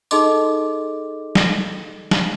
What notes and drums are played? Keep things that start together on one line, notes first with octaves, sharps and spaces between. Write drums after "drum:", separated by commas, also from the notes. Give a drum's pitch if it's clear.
D#4 G#4 A4 D#5 C6 D6, drum: tambourine
drum: snare
drum: snare